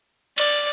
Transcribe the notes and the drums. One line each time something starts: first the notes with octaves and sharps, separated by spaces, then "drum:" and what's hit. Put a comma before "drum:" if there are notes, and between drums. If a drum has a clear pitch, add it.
D5, drum: cymbal